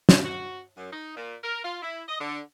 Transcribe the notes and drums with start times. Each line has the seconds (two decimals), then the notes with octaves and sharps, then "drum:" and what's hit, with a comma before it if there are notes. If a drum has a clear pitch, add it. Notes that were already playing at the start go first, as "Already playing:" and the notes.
0.09 drum: snare
0.25 F#4
0.77 F#2
0.92 D#4
1.16 A#2
1.43 A#4
1.64 F4
1.82 E4
2.08 D#5
2.20 D3